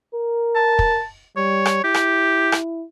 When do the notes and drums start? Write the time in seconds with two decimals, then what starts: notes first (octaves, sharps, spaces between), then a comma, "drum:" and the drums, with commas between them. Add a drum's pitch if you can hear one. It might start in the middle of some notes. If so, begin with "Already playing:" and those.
0.14 A#4
0.55 A5
0.79 drum: kick
1.37 G3 C#5
1.65 drum: rim click
1.84 E4 G4
1.94 drum: rim click
2.52 drum: rim click